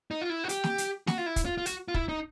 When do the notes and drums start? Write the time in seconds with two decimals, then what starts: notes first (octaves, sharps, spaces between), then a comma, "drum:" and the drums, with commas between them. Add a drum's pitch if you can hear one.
0.11 D#4
0.22 F4
0.30 E4
0.44 F#4
0.49 G4, drum: hi-hat
0.64 drum: snare
0.78 drum: hi-hat
1.07 F#4, drum: snare
1.18 F4
1.26 E4
1.36 drum: kick, hi-hat
1.46 F4
1.58 F4
1.66 F#4, drum: hi-hat
1.88 F4
1.94 E4, drum: kick
2.09 D#4